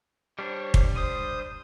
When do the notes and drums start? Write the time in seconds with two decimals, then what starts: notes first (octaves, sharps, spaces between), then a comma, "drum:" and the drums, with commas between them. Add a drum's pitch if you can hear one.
0.39 G3 D4 C5 C#5
0.74 drum: kick
0.96 C5 D#6